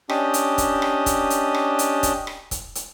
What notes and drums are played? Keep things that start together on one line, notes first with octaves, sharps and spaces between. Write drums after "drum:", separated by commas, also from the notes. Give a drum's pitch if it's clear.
C#4 D4 G4 D#5, drum: rim click
drum: hi-hat
drum: kick, hi-hat
drum: rim click
drum: kick, hi-hat
drum: hi-hat
drum: rim click
drum: hi-hat
drum: kick, hi-hat
drum: rim click
drum: kick, hi-hat
drum: hi-hat